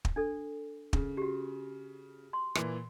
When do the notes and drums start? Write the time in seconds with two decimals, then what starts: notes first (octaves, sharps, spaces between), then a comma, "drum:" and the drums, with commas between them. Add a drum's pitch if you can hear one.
0.05 drum: kick
0.16 D4 A4
0.93 C#3, drum: kick
1.17 F#4 G4
2.33 C6
2.55 A#2 E3, drum: rim click